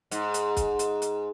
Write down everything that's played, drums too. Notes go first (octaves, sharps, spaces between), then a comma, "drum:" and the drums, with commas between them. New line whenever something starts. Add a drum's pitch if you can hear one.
G#2, drum: hi-hat
drum: hi-hat
drum: kick, hi-hat
drum: hi-hat
drum: hi-hat